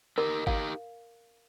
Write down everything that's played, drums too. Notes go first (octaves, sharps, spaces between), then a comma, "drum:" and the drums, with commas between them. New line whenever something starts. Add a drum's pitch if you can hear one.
D#4 G4 A#4
D#4 G4 F5, drum: kick G#1